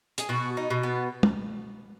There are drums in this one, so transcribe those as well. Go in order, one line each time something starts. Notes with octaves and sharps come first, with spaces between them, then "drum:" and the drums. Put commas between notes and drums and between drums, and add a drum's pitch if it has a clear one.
G#4, drum: hi-hat
B2 F#4
D#4
B2
B3
drum: tom